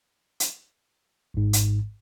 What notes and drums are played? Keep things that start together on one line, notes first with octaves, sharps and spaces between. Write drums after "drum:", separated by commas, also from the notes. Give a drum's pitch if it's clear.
drum: hi-hat
G#1 G#2
drum: hi-hat